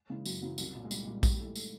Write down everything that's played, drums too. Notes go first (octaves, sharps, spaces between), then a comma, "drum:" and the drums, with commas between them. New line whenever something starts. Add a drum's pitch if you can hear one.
C#3 E3 G#3
F#2 F#3, drum: tambourine
C#3 E3 F#3
C2 F#3, drum: tambourine
A#2
G#3
C2 G3, drum: tambourine
G#3
A#2 G3
G2 G3, drum: kick A#1, tambourine
G3
E3 A3
G#3
A3, drum: tambourine